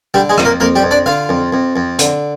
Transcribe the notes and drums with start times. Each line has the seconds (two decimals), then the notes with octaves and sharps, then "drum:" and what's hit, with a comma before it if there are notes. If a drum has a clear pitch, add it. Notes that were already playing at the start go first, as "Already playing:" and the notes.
0.14 D3 G3 G4
0.29 G#3 G#4
0.38 F2, drum: rim click
0.45 A#3 A#4
0.60 F2 A#3 A#4
0.75 G3 G4
0.83 F2
0.91 D4 D5
1.06 D3 F4 F5
1.29 F2
1.52 F2
1.76 F2
1.99 D3, drum: hi-hat